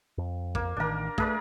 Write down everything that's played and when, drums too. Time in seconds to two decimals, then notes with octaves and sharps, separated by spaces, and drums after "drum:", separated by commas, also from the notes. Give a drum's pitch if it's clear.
0.18 F2
0.55 A#3, drum: kick
0.77 A1 D#3 D4 A#4
1.18 A3 G#4 A#4 D5, drum: kick